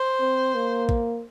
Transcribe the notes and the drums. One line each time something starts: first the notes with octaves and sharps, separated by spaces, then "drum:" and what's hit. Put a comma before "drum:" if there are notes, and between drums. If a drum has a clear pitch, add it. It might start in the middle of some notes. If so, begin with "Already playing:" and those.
Already playing: C5
C4
A#3
drum: kick A1